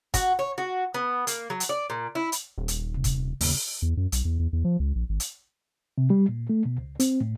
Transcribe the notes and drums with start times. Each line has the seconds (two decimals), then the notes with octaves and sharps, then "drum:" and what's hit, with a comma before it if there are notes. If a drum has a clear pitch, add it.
0.14 F#4, drum: kick, hi-hat
0.39 C#5
0.58 F#4
0.94 B3
1.27 A#3, drum: hi-hat
1.50 F#3
1.60 drum: hi-hat
1.69 D5
1.90 A#2
2.15 E4
2.32 drum: hi-hat
2.58 D#1
2.68 drum: hi-hat
2.94 C3
3.04 drum: kick, hi-hat
3.41 G1 D#2 C#3, drum: open hi-hat
3.82 E2
3.97 F#2
4.12 B1, drum: hi-hat
4.25 E2
4.39 E2
4.53 E2
4.64 F3
4.79 C#2
4.95 A#1
5.09 G#1
5.20 drum: hi-hat
5.98 C3
6.10 G3
6.29 A#2
6.49 A3
6.65 B2
6.78 C#2
7.00 C4, drum: hi-hat
7.21 A2